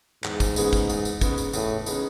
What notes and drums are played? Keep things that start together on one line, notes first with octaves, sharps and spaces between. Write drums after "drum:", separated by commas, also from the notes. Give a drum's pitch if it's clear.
E2 G#2, drum: clap
drum: kick, tambourine
C#3 G#3 B3 D#4, drum: tambourine
drum: kick, tambourine
E2, drum: tambourine
drum: tambourine
C#3 G#3 B3 D#4, drum: kick, tambourine
drum: tambourine
E2 A2, drum: tambourine
C#3 G#3 B3 D#4, drum: tambourine